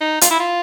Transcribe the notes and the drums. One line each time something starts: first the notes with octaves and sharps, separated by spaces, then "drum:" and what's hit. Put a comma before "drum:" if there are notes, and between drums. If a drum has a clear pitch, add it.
D#4
F4, drum: hi-hat
E4
F4